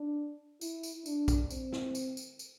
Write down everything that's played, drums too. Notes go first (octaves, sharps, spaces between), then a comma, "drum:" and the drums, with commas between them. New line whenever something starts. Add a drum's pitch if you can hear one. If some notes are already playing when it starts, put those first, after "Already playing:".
Already playing: D4
E4, drum: tambourine
drum: tambourine
D4, drum: tambourine
drum: kick, tambourine
C4, drum: tambourine
drum: snare
drum: tambourine
drum: tambourine
drum: tambourine